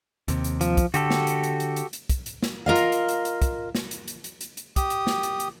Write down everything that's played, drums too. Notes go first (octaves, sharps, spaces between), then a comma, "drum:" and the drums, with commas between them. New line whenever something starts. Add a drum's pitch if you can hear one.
D#2 C3, drum: hi-hat
drum: hi-hat
F3, drum: hi-hat
drum: kick, hi-hat
D3 F#4 G4 A4, drum: hi-hat
drum: snare
drum: hi-hat
drum: hi-hat
drum: hi-hat
drum: hi-hat
drum: hi-hat
drum: kick, hi-hat
drum: hi-hat
drum: snare
F4 A#4 D#5 F5
drum: hi-hat
drum: hi-hat
drum: hi-hat
drum: hi-hat
drum: kick, hi-hat
drum: snare
drum: hi-hat
drum: hi-hat
drum: hi-hat
drum: hi-hat
drum: hi-hat
G4 D#6, drum: kick, hi-hat
drum: hi-hat
drum: snare
drum: hi-hat
drum: hi-hat